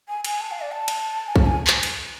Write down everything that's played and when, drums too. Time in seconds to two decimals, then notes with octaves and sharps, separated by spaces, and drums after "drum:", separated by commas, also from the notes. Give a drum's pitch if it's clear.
0.08 G#5
0.24 G#5, drum: cymbal
0.40 A5
0.51 F5
0.61 D5
0.72 A5
0.88 drum: cymbal
1.27 G#5
1.36 A5, drum: kick
1.46 G#5
1.67 drum: clap
1.83 drum: cymbal